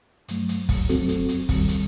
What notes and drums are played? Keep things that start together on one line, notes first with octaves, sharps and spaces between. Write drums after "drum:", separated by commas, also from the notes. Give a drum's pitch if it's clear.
G2 F#3 A3, drum: hi-hat
drum: hi-hat
drum: kick, open hi-hat
F#2 F#3 C4 F#4 A4, drum: hi-hat
drum: hi-hat
drum: hi-hat
D#2 D#3 G3, drum: kick, open hi-hat
drum: hi-hat